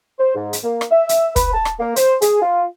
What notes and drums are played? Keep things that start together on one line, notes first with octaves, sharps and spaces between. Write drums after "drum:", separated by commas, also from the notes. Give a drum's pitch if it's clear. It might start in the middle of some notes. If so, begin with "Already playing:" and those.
C5
G#2
drum: hi-hat
A#3
drum: rim click
E5
drum: hi-hat
B4, drum: kick, hi-hat
A5
drum: rim click
A#3
C5, drum: hi-hat
G#4, drum: hi-hat
F4